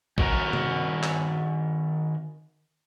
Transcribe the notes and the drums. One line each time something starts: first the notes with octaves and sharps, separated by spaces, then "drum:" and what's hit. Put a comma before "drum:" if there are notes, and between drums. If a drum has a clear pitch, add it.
D#3 F#4 A#4 A#5, drum: kick A1
drum: tom C3
drum: clap